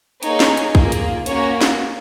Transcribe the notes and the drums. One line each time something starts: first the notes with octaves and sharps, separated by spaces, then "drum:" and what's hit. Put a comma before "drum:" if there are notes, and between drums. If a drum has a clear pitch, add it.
A#3 D#4 G#4 C#5, drum: hi-hat
drum: snare
drum: hi-hat
A#3 F4 G#4, drum: kick
drum: hi-hat
A#3 C#4 F#4 C#5, drum: hi-hat
drum: snare